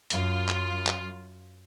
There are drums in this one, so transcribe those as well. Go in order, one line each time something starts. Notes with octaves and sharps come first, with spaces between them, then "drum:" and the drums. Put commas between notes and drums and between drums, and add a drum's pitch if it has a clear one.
F#2 F4, drum: hi-hat
drum: clap
drum: clap